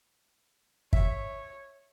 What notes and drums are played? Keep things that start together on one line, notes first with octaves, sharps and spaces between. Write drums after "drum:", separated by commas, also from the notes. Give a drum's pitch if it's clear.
C#5 E5, drum: kick